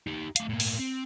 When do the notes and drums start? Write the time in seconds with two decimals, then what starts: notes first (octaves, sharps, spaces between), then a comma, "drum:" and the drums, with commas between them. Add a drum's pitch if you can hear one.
0.07 D#4 G4
0.36 A3 F5, drum: hi-hat
0.49 A2 A#3
0.60 drum: open hi-hat
0.79 C4